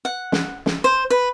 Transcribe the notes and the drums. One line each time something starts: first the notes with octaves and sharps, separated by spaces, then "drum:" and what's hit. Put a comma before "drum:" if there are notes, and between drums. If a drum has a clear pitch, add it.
F#5
drum: snare
drum: snare
C5
B4